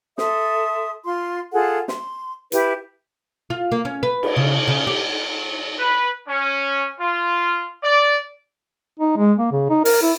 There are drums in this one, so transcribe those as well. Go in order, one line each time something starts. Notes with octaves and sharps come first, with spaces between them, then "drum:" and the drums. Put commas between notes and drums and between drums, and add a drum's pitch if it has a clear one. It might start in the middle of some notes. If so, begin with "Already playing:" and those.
A4 E5 C6 D#6, drum: snare
F4 C6
F4 G#4 A4 F#5
C6, drum: snare
E4 G4 B4, drum: hi-hat
F4
A#3
C#4
B4
drum: cymbal
C#3
C#3
G4
B4
C#4
F4
D5
D#4
G#3
A#3
C#3
D#4
A#4, drum: open hi-hat
E4